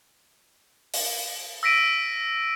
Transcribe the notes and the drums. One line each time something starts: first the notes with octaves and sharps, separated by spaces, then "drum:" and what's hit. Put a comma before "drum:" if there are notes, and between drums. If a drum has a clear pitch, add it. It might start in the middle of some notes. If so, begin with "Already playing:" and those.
drum: open hi-hat
E6 A#6 B6 D7 D#7